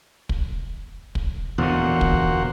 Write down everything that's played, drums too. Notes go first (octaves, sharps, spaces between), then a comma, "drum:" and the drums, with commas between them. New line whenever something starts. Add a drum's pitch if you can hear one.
drum: kick
drum: kick
E2 A#2 D3 F#4 C5
drum: kick